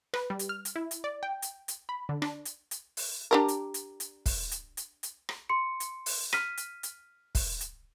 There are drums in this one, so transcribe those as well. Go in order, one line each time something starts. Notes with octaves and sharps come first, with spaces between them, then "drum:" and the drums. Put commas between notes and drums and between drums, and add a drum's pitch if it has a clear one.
B4, drum: rim click
G3
drum: hi-hat
F6
drum: hi-hat
E4
drum: hi-hat
D5
G5
drum: hi-hat
drum: hi-hat
B5
D3
D4, drum: rim click
drum: hi-hat
drum: hi-hat
drum: open hi-hat
D4 G4 A#4
drum: hi-hat
drum: hi-hat
drum: hi-hat
drum: kick, open hi-hat
drum: hi-hat
drum: hi-hat
drum: hi-hat
drum: rim click
C6 C#7
drum: hi-hat
drum: open hi-hat
F6 B6 D#7, drum: rim click
drum: hi-hat
drum: hi-hat
drum: kick, open hi-hat
drum: hi-hat